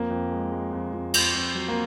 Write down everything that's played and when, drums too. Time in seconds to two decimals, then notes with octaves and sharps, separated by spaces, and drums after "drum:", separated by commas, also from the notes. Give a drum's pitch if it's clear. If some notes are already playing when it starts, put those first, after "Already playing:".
Already playing: F2 A#3
0.10 F2
0.32 G#3
0.52 G#3
0.72 F2
0.93 F2
1.14 F2, drum: cymbal
1.35 F2
1.55 F#3
1.68 A#3